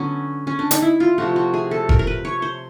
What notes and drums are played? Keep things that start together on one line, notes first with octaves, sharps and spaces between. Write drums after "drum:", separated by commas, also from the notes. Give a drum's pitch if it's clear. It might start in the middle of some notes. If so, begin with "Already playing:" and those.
Already playing: D3 F#3 B3 C#4
C#4
D4
D#4, drum: hi-hat
E4
F4
C3 F3 A3 F#4
F#4
G#4
A4
A#4, drum: kick F1
A#4
B4
C#5
C5